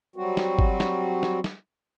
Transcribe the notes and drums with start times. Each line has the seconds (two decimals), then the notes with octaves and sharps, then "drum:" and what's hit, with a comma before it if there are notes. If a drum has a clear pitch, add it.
0.16 F#3 G3 C4 F#4
0.37 drum: snare
0.59 drum: kick
0.80 drum: snare
1.23 drum: snare
1.44 drum: snare